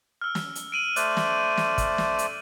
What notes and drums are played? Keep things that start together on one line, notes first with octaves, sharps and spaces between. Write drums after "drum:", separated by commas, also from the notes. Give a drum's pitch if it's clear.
E6 F6
drum: snare
drum: hi-hat
D7 D#7 F#7
A3 C5 D5 F#6, drum: hi-hat
drum: snare
drum: snare
drum: kick, hi-hat
drum: snare
drum: hi-hat